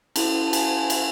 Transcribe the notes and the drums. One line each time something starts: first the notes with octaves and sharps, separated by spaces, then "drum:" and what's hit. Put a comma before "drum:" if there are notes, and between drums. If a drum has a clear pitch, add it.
C#4 E4 A4 A5, drum: cymbal
A5
G#5, drum: cymbal
G#5
E5, drum: cymbal